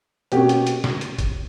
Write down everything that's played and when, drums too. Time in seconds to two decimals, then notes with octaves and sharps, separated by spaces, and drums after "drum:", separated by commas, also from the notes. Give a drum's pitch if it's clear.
0.32 B2 A#3 C#4 G4, drum: hi-hat
0.49 drum: hi-hat
0.67 drum: hi-hat
0.84 drum: snare
1.01 drum: hi-hat
1.19 drum: kick G1, hi-hat